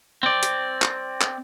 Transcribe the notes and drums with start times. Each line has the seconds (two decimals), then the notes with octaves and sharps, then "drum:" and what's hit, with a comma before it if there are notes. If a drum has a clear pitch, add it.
0.23 C4 D5
0.43 drum: hi-hat
0.82 drum: clap
1.21 drum: clap